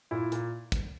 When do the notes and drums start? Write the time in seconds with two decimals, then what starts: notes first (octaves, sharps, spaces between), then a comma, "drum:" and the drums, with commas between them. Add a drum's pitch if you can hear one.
0.11 A#2 E4
0.32 A#2, drum: hi-hat
0.72 drum: kick, hi-hat